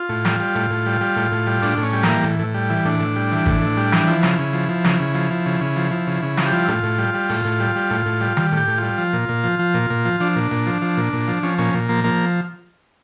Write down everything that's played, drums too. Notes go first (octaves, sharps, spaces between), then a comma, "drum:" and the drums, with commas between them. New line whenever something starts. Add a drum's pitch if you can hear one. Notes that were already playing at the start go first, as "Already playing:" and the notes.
Already playing: F4
A2
G3, drum: snare
G3
A2, drum: hi-hat
A2
G3
G3
A2
A2
G3
A2 D4, drum: open hi-hat
A2
C#4
G3
A#3, drum: snare
E3
A2, drum: hi-hat
A2
G3
E3
A2 D4
A2
G3
E3
A2, drum: kick G#1
A2
G3
E3, drum: snare
F3 E4
C#3, drum: snare
C#3
F3
F3
C#3, drum: snare
C#3
F3, drum: hi-hat
F3
C#3
C#3
F3
F3
C#3
C#3
F3, drum: snare
G4
G3 F4
A2, drum: rim click
A2
G3
G3
A2, drum: open hi-hat
A2
G3
G3
A2
A2
G3
G3, drum: tom D#3
A2
G4
A2
G3 F4
F3
A#2
A#2
F3
F3
A#2
A#2
F3
F3 D4
A#2
A#2
F3
F3
A#2
A#2
F3
F3 C#4
A#2 C#4
A#2
F3 A#3
F3 A#3